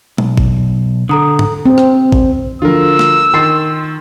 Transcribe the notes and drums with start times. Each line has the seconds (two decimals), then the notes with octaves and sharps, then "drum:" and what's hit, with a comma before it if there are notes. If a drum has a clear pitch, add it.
0.18 B1, drum: tom
0.38 drum: kick
1.09 D3 A4 A#5 D#6
1.39 drum: tom G#2
1.66 C4
1.78 drum: rim click
2.12 drum: kick
2.62 D2 F3 F4 A#4 E6
2.99 drum: snare
3.34 D#3 C6 A6 C7